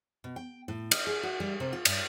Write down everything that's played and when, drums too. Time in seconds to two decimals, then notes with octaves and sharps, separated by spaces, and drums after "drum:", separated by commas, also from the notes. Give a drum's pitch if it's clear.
0.24 B2
0.36 G5
0.68 A2
0.91 D#5, drum: cymbal
1.07 G#4
1.23 F#4
1.40 G3
1.60 C3
1.73 F4
1.85 G2, drum: cymbal